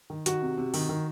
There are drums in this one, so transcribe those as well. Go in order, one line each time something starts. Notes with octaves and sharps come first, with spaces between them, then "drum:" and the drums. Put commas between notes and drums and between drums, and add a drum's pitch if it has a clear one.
D#3
D#3 F#4, drum: hi-hat
C3
C3
D#3, drum: open hi-hat
D#3